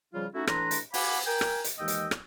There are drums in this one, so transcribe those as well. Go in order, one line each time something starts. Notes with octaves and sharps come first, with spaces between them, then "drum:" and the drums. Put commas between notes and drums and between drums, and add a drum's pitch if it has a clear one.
C#3 F3 G3 F4
A3 C#4 D#4 E4 F#4
A2 E3 D4 B4 A#5 C6, drum: rim click
drum: hi-hat
F#4 F5 F#5 G#5 B5 D6, drum: open hi-hat
A#4 G5 G#5
drum: rim click
drum: hi-hat
D#2 E3 G#3 D#5 G5 E6
drum: hi-hat
drum: rim click